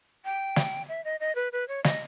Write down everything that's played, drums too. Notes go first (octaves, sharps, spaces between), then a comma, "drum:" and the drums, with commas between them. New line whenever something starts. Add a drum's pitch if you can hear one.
G5
drum: snare
E5
D#5
D#5
B4
B4
C#5
D#5, drum: snare